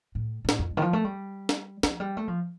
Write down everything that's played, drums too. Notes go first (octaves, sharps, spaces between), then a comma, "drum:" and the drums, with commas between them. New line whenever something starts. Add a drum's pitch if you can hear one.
A2
A#2
A2, drum: snare
F2
G2
D#3
F3
A3
G3
drum: snare
F3, drum: snare
G3
A3
F3